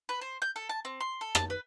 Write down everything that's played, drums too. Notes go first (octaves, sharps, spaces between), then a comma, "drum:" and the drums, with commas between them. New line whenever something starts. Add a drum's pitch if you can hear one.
B4
C5
G6
A4
A5
C4
C6
A4
A5, drum: rim click
B4